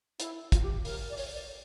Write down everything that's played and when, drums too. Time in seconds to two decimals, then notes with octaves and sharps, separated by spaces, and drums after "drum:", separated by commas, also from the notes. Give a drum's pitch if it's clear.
0.20 E4, drum: hi-hat
0.52 F4, drum: kick, hi-hat
0.63 G4
0.85 A#4, drum: open hi-hat
1.10 D5
1.17 C#5, drum: open hi-hat
1.34 D5